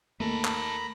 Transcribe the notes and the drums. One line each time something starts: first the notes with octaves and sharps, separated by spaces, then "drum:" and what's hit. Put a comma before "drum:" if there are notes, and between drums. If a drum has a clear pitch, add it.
D#2 A3 D#4 A4 A#5 B5
drum: clap